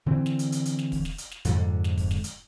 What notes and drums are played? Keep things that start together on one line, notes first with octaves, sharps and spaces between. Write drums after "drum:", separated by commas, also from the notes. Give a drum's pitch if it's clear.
D3 E3 C4
drum: snare
drum: hi-hat
drum: hi-hat
drum: hi-hat
drum: snare
drum: kick, open hi-hat
drum: snare
drum: hi-hat
drum: snare
F2 G#2 D3, drum: hi-hat
drum: snare
drum: kick, open hi-hat
drum: snare
drum: hi-hat